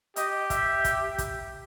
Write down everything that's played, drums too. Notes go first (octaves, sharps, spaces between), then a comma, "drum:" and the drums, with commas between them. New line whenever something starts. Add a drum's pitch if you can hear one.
G4 D#5, drum: hi-hat
E5, drum: kick, hi-hat
drum: kick, hi-hat
drum: kick, hi-hat